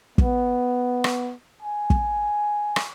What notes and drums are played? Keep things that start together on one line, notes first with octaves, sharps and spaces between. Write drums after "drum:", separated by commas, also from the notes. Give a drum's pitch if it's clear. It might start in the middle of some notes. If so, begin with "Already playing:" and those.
B3, drum: kick
drum: rim click
G#5
drum: kick
drum: rim click